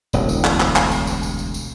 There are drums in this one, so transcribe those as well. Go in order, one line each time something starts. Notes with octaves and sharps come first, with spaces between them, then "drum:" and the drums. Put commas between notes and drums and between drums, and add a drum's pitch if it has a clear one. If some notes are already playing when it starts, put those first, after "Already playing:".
E1 A1 D2, drum: tambourine
drum: tambourine
drum: clap
drum: clap
drum: clap
drum: tambourine
drum: tambourine
drum: tambourine
drum: tambourine
drum: tambourine